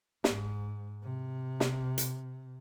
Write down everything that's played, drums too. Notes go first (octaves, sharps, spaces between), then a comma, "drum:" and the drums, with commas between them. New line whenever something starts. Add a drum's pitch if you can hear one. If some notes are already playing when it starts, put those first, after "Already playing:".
G#2, drum: snare
C3
drum: snare
drum: hi-hat